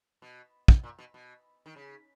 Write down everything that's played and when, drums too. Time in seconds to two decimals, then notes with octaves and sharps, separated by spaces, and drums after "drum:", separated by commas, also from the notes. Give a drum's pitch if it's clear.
0.22 B2
0.68 drum: kick
0.83 A#2
0.99 B2
1.14 B2
1.66 D#3
1.76 C#3